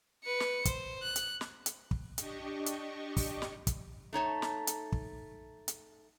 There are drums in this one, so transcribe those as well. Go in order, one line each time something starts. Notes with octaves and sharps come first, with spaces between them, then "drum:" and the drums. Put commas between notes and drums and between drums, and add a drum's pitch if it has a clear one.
B4 C#7
drum: snare
C5, drum: kick, hi-hat
F#6
drum: hi-hat
drum: snare
drum: hi-hat
drum: kick
D4 G4 D#5 C#6, drum: hi-hat
drum: hi-hat
drum: kick, open hi-hat
drum: snare
drum: kick, hi-hat
A3 D#4 C#5 A5
drum: snare
drum: hi-hat
drum: kick
drum: hi-hat